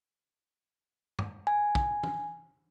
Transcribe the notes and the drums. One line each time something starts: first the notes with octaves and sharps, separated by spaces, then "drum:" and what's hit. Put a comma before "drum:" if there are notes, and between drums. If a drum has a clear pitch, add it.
drum: tom
G#5
drum: kick
drum: tom